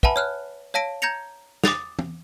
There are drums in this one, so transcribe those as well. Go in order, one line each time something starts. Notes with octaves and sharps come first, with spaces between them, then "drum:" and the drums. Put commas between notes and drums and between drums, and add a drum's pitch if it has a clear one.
B4 E5 F#5 G#5 A5 B5, drum: kick
C#5 F6 F#6
C#5 F5 A5 A#6 D7
A#5 G6 G#6 A#6 C#7 F7
D6 D#6 A6 F7, drum: snare
drum: tom